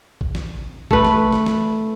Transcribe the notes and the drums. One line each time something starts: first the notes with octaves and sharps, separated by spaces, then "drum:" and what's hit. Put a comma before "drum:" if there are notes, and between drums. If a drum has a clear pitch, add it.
drum: kick
drum: snare
A3 B4, drum: kick
drum: snare
drum: snare
drum: snare